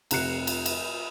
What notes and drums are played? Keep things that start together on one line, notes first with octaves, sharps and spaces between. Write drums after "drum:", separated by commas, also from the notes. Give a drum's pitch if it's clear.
F1 C3 A#5 F#6 C7 C#7, drum: cymbal
drum: cymbal
drum: cymbal